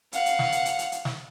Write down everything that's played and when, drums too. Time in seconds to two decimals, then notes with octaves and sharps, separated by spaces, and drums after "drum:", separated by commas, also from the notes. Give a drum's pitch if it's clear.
0.13 F5 F#5, drum: hi-hat
0.26 drum: hi-hat
0.39 drum: snare
0.52 drum: hi-hat
0.65 drum: hi-hat
0.79 drum: hi-hat
0.92 drum: hi-hat
1.05 drum: snare